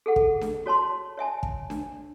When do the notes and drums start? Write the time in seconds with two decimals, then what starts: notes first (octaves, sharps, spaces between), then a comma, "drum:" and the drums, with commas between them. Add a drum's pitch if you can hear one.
0.06 G#4 A4 F#5
0.16 drum: kick
0.41 drum: snare D4
0.66 F#4 C#5 A5 C6
1.17 C#5 E5 G#5 A5
1.43 drum: kick
1.70 D4, drum: snare D4